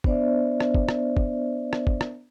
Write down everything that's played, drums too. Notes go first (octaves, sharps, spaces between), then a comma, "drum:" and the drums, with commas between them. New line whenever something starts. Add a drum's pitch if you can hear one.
B3 D4 C5 D5 E5, drum: kick
drum: rim click
drum: kick
drum: rim click
drum: kick
drum: rim click
drum: kick
drum: rim click